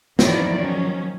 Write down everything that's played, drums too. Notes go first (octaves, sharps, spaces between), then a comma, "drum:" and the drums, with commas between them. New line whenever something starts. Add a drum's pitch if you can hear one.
E2 D#3 F3 F#3 E4 D5, drum: snare
D#3 F3 F#3 C#4